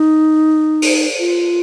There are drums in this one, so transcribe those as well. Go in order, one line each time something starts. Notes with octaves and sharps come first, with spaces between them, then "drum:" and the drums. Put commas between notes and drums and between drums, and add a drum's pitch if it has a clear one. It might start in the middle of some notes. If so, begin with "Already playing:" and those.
Already playing: D#4
drum: open hi-hat
F4